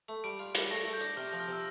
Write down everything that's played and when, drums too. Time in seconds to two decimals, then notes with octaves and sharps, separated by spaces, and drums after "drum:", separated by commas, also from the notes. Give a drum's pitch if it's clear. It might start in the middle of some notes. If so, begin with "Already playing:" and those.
0.09 A3
0.24 G3 D7
0.39 F4
0.55 G3, drum: hi-hat
0.70 A3 A#6
0.86 A3
0.93 G6
1.01 D4
1.17 C3 F6
1.32 F3
1.40 F6
1.48 C3 E6